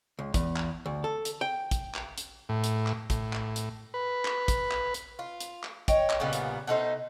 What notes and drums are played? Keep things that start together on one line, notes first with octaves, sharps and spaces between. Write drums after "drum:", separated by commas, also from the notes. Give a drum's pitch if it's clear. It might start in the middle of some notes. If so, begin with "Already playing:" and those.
C#2
E2, drum: kick, hi-hat
drum: clap
D2
A4
drum: hi-hat
G5
drum: kick, hi-hat
drum: clap
drum: hi-hat
A2
drum: hi-hat
drum: clap
A2, drum: kick, hi-hat
drum: clap
drum: hi-hat
B4
drum: clap
drum: kick, hi-hat
drum: clap
drum: hi-hat
F4
drum: hi-hat
drum: clap
C#5 D#5 G5, drum: kick, hi-hat
drum: clap
A#2 C#3 G3 B3
drum: hi-hat
B2 A3 D#4 C5